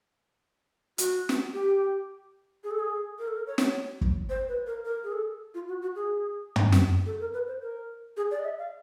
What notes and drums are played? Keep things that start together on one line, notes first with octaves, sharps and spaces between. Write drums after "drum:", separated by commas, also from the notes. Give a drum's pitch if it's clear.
F#4, drum: hi-hat
drum: snare
G4
G#4
A4
G#4
A#4
A4
A#4
C#5
drum: snare
drum: kick
C5
B4
A#4
A#4
G#4
A4
F4
F#4
F#4
G#4
drum: tom
drum: snare
A4
A#4
B4
C5
A#4
G#4
D5
D#5
E5
F5